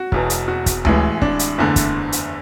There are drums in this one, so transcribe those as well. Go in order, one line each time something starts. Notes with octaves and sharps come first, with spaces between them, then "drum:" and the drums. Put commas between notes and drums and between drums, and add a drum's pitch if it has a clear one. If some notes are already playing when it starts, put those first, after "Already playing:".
Already playing: F#4
E1 E2 B2, drum: kick
drum: hi-hat
F#4
drum: kick, hi-hat
A1 A2 E3 G#3, drum: tom D2
D4, drum: kick
drum: hi-hat
F#1 E2 D3 A3
drum: kick, hi-hat
drum: hi-hat